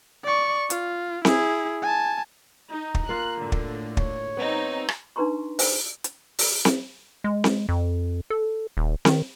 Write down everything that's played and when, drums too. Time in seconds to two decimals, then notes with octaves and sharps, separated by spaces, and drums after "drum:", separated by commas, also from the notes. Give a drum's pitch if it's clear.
0.25 D5 C#6
0.70 F4, drum: hi-hat
1.25 E4 G#4, drum: snare C4
1.82 G#5 A5
2.71 D#4 A#5
2.95 drum: kick
3.09 A#3 F4 F#6
3.40 A2 D3
3.52 drum: kick
3.97 C#5, drum: kick
4.37 G3 B3 C4 D#4
4.88 drum: rim click
5.16 D4 D#4 B4 A#5 C6 C#6
5.59 C5 F#5 G#5, drum: open hi-hat
6.04 drum: hi-hat
6.39 drum: open hi-hat
6.65 drum: snare C4
7.24 G#3
7.44 drum: snare C4
7.69 F2
8.30 A4
8.77 D#1
9.05 D#3, drum: snare C4